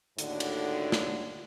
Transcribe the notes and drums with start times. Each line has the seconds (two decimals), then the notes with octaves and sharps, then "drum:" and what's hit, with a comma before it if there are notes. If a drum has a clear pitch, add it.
0.18 D#2 A2 D3 D#4 F#4 D5, drum: hi-hat
0.40 drum: cymbal
0.92 drum: snare